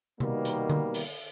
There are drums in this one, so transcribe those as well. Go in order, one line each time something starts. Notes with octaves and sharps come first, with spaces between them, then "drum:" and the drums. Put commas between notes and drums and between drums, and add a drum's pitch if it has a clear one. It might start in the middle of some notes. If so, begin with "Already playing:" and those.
B2 D#3 G3 A#3 B3, drum: tom C3
drum: hi-hat
drum: tom D3
drum: open hi-hat